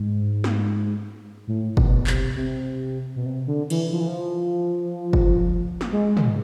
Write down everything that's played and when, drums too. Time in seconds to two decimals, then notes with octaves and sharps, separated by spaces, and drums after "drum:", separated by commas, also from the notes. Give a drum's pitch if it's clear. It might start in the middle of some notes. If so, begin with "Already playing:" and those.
Already playing: G#2
0.44 drum: snare
1.47 A2
1.77 B2, drum: kick
2.07 C3, drum: clap
2.36 C3
3.16 B2
3.26 C3
3.47 D3
3.70 E3, drum: cymbal
3.92 F3
4.00 E3
4.08 F3
5.13 drum: kick
5.81 drum: snare
5.92 G#3
6.17 drum: tom